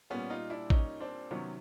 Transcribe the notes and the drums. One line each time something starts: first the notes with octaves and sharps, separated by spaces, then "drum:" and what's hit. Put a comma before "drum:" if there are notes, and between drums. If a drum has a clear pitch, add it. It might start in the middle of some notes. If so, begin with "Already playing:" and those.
A#2 G3 B3 C#4
D#4 F4
D4 E4
C#4 D#4, drum: kick A1
C4 D4
C3 D#3 F#3 B3 C#4